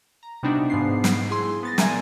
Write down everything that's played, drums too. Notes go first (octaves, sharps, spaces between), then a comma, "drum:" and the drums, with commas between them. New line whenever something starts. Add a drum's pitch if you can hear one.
A#5
C3 G3 B3 D4 D#4 F#4
G#2 F3 B3 C7
drum: snare
F3 E4 G#4 C6
B3 A6 A#6
A#2 E5 G#5 A#5 G#6 D#7, drum: snare